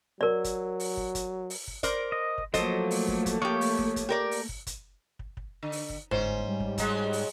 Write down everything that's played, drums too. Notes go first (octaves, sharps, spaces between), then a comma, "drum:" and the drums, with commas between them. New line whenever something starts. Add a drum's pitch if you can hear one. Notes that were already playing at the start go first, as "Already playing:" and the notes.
F#3 A#4 D5
drum: kick, hi-hat
drum: open hi-hat
drum: kick
drum: kick, hi-hat
drum: open hi-hat
drum: kick
A#4 C5 D5, drum: kick, hi-hat
D#5
drum: kick
F3 F#3 A3 A#3 A4 C5 D#5, drum: kick, hi-hat
drum: open hi-hat
drum: kick
drum: kick, hi-hat
F3 G4 C#5 C#6
drum: open hi-hat
drum: kick
drum: kick, hi-hat
G4 A#4 D5
drum: open hi-hat
drum: kick
drum: kick, hi-hat
drum: kick
drum: kick
D3
drum: open hi-hat
drum: kick
G1 G#2 C#4 C5
G3
drum: kick
F#3 G#3, drum: kick, hi-hat
drum: open hi-hat